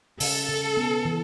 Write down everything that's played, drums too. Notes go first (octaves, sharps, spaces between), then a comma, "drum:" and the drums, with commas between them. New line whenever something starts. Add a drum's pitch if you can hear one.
C#3 A4, drum: open hi-hat
C#3
B3
E3